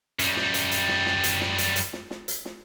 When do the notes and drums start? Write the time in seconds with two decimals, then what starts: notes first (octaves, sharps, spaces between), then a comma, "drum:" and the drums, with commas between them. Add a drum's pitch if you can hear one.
0.19 F#2 G3, drum: hi-hat
0.37 drum: snare
0.54 drum: hi-hat
0.71 drum: hi-hat
0.89 drum: snare
1.06 drum: snare
1.24 drum: hi-hat
1.41 drum: snare
1.58 drum: hi-hat
1.76 drum: hi-hat
1.93 drum: snare
2.10 drum: snare
2.28 drum: hi-hat
2.45 drum: snare